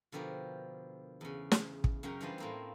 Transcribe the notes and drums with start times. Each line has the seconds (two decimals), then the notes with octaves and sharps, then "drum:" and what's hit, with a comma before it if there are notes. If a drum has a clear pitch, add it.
0.12 B2 D3 F3 G4 A#4
1.21 E2 C#3
1.52 drum: snare
1.84 drum: kick
2.03 F#2 C#3 A#4 G5 A#5
2.21 E3 G3 D4 F4 C5 D#5
2.38 A2 A#3 C4